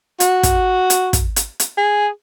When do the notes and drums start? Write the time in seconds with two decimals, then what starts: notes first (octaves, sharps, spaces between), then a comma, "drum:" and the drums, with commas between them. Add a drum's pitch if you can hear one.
0.20 F#4, drum: hi-hat
0.43 drum: kick, hi-hat
0.90 drum: hi-hat
1.13 drum: kick, hi-hat
1.36 drum: hi-hat
1.60 drum: hi-hat
1.78 G#4